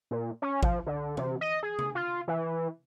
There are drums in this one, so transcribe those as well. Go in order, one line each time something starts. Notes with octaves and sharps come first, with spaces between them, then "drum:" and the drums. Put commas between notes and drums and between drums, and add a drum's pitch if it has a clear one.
A#2
C#4
F3, drum: kick G#1
D3
C3, drum: tom E3
D#5
G#4
drum: tom
F4
E3